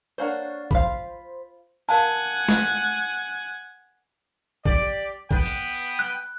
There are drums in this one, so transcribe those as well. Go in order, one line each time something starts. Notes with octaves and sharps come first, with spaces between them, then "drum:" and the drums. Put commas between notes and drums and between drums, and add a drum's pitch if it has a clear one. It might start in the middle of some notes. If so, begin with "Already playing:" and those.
A#3 D4 C5 C#5 F5 F#5
F4 C5 F5 B5, drum: kick A1
A#4 F5 F#5 G#5 A5
drum: snare
G4 D5, drum: kick A1
B3 B4 G5, drum: kick A1
drum: hi-hat
F#6